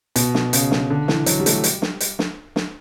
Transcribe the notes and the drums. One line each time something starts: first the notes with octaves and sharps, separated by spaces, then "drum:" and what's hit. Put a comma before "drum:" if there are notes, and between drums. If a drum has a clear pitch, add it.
B2, drum: hi-hat
drum: snare
C#3, drum: hi-hat
drum: snare
D3
E3, drum: snare
F#3, drum: hi-hat
G3
A3, drum: hi-hat
G3
drum: hi-hat
drum: snare
drum: hi-hat
drum: snare
drum: snare